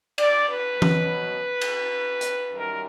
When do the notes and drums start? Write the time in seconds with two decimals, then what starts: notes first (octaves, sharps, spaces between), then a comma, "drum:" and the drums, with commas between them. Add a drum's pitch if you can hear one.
0.18 D5, drum: cymbal
0.47 B4
0.77 F#3
0.82 B2, drum: tom E3
1.61 drum: cymbal
2.21 drum: hi-hat
2.53 F#2 D#3 G3 A#4